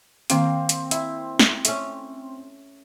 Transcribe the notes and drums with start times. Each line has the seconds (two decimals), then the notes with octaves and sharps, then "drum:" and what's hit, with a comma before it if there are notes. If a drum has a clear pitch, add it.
0.30 D#3 A#3 C4 F5, drum: hi-hat
0.69 drum: hi-hat
0.91 E4, drum: hi-hat
1.39 drum: snare
1.65 A3 C#4, drum: hi-hat